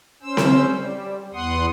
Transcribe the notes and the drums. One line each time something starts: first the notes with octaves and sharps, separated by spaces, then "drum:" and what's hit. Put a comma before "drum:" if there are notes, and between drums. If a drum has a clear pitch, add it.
C#4 C5 E6
drum: snare C4
G3
E2 B3 F#5 C6 D#6